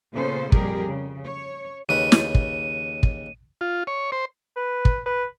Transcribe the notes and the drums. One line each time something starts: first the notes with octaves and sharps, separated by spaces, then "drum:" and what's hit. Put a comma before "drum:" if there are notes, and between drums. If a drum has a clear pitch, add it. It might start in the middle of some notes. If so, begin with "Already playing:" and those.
A#2 C#3 B3 C#4 A4 C5
F2 A#2 G3 G4 G#4 A#4, drum: kick
C#3
C#5
D#2 C#3 B4 D#7
drum: snare
drum: kick
drum: kick
F4
C#5
C5
B4
drum: kick
B4